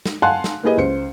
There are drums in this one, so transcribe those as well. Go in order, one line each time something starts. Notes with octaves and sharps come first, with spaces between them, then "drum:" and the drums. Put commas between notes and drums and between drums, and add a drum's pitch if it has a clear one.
drum: snare
F5 F#5 G#5 A5 C6 F#6
drum: snare
A#3 E4 G4 G#4 B4 D#5
C#2 C5 C#7